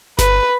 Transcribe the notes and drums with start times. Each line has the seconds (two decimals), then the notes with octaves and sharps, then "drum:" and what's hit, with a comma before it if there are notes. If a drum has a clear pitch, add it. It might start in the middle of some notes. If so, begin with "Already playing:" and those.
0.19 B4, drum: snare G1